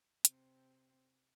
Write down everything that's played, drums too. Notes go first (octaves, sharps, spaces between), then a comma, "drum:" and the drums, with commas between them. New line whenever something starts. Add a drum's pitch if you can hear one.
C3 C4, drum: hi-hat